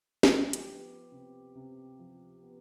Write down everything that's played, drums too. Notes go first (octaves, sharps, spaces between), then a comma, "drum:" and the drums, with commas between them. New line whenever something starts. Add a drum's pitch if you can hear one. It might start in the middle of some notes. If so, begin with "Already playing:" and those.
F3 G4, drum: snare
G4, drum: hi-hat
B3
C3
C3
F3
B3